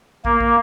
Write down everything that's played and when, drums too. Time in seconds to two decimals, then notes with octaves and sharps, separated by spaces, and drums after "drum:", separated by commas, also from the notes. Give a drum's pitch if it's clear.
0.25 A#3, drum: kick
0.41 drum: kick